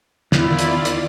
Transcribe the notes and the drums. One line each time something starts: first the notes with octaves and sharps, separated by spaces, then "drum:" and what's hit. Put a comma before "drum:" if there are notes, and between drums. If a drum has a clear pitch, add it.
E2 D#3 E4 F4 D5, drum: snare
drum: hi-hat
drum: hi-hat